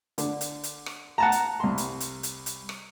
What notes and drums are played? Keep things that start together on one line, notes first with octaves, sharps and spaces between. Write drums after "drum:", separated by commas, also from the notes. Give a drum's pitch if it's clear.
D3, drum: hi-hat
drum: hi-hat
drum: hi-hat
drum: rim click
F#5 A5 A#5
drum: hi-hat
C2 C6
drum: hi-hat
drum: hi-hat
drum: hi-hat
drum: hi-hat
drum: rim click